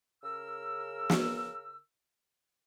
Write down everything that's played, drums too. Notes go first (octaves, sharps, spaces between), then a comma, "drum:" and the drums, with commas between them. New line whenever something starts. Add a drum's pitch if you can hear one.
C#3 A#4 E6
drum: snare